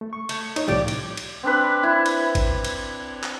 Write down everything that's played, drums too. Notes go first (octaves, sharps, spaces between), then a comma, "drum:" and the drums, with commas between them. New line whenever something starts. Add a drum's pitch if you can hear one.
A3
C#6
A3, drum: cymbal
D#4 C#5, drum: cymbal
C2 A2 F3 G4 D5
drum: cymbal
drum: cymbal
C4 D4 B4
E4
drum: cymbal
drum: kick G#1, cymbal
drum: cymbal
drum: clap